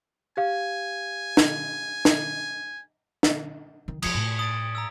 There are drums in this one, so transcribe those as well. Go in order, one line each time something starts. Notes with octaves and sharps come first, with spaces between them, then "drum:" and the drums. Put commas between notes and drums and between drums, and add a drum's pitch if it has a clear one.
G4 F5 G#5
drum: snare
drum: snare
drum: snare
D#3
F3 G#3 D#6 G#6 C#7, drum: cymbal
A2
D#6 A6 D7
A#5 D#6 E6